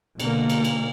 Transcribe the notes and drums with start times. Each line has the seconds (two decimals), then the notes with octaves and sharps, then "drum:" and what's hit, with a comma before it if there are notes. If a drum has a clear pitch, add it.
0.20 B2 D3 A#3, drum: cymbal
0.50 drum: cymbal
0.65 drum: cymbal